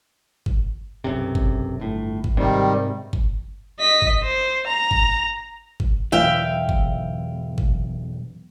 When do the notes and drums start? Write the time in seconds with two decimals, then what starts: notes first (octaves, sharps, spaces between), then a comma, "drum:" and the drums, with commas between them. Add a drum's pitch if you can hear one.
0.46 drum: kick G1
1.04 B1 F#2 C3
1.35 drum: kick G1
1.80 G1 A2
2.24 drum: kick G1
2.37 G#2 C3 D#3 G3
3.13 drum: kick G1
3.80 D#5 B6
4.02 drum: kick G1
4.23 C5
4.67 A#5
4.91 drum: kick G1
5.80 drum: kick G1
6.12 B1 E2 E5 F5 G5
6.69 drum: kick G1
7.58 drum: kick G1